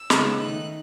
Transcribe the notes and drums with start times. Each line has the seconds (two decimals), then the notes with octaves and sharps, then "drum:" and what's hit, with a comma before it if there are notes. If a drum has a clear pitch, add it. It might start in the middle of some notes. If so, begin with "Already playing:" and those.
Already playing: E6
0.10 C#3 G#3 B3 D#4, drum: snare
0.39 D#3 A3 D#4 F#6